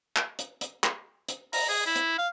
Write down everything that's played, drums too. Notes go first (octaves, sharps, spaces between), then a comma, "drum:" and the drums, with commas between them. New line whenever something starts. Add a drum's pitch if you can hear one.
drum: clap
drum: hi-hat
drum: hi-hat
drum: clap
drum: hi-hat
A#5, drum: open hi-hat
G#4
E4
drum: hi-hat
F5